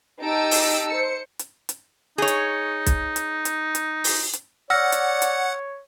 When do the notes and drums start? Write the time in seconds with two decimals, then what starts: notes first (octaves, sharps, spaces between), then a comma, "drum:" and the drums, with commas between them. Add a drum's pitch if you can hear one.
0.22 D#4 G4 A5 E6 D7
0.51 drum: open hi-hat
0.90 C5 C#7
1.39 drum: hi-hat
1.69 drum: hi-hat
2.18 D#4 G#4 C#5
2.28 drum: hi-hat
2.86 drum: kick B1, hi-hat
3.16 drum: hi-hat
3.45 drum: hi-hat
3.75 drum: hi-hat
4.04 drum: open hi-hat
4.33 drum: hi-hat
4.70 C#5 D5 F#5 E6 F6 A#6
4.92 drum: hi-hat
5.22 drum: hi-hat